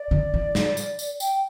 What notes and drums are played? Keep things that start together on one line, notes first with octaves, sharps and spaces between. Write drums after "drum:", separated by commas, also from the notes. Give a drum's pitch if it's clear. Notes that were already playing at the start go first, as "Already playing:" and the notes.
Already playing: D5
D3
E3
drum: snare
drum: tambourine
drum: tambourine
G5, drum: tambourine